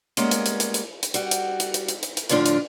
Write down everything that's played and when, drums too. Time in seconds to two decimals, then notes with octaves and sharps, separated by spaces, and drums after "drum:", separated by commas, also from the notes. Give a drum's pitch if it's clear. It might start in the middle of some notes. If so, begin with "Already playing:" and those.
0.17 G3 G#3 A#3 B3 C#4, drum: hi-hat
0.31 drum: hi-hat
0.46 drum: hi-hat
0.60 drum: hi-hat
0.74 drum: hi-hat
1.03 drum: hi-hat
1.14 G3 F#4, drum: hi-hat
1.31 drum: hi-hat
1.60 drum: hi-hat
1.74 drum: hi-hat
1.88 drum: hi-hat
2.03 drum: hi-hat
2.17 drum: hi-hat
2.29 A2 D3 F3 D4 F4, drum: hi-hat
2.46 drum: hi-hat